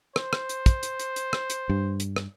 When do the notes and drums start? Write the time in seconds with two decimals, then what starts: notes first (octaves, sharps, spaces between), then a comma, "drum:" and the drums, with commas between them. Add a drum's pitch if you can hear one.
0.16 C5, drum: rim click
0.33 drum: rim click
0.49 drum: hi-hat
0.66 drum: kick, hi-hat
0.83 drum: hi-hat
1.00 drum: hi-hat
1.16 drum: hi-hat
1.33 drum: rim click
1.50 drum: hi-hat
1.69 G2
2.00 drum: hi-hat
2.16 drum: rim click